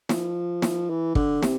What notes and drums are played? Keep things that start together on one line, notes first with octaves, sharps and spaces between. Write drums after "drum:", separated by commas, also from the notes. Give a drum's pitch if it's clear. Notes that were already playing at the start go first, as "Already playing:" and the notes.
F3, drum: snare
drum: snare
E3
D3, drum: kick
C3, drum: snare